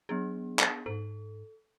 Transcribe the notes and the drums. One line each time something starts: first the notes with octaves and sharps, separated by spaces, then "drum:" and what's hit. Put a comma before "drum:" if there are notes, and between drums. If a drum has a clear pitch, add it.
F#3 B3 D4 G#4
drum: clap
G#2 A4